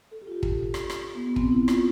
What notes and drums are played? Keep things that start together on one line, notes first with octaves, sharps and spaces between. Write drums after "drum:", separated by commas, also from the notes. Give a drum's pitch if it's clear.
A4
G4
F4
G4
drum: kick
drum: rim click
drum: rim click
B3
B3
C4, drum: kick
E4
F4, drum: rim click